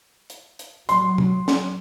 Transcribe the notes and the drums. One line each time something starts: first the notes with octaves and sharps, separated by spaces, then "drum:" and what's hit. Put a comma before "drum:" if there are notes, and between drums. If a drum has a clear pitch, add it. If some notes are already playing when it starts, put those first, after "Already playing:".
drum: hi-hat
drum: hi-hat
F#3 C6, drum: hi-hat
drum: tom
drum: snare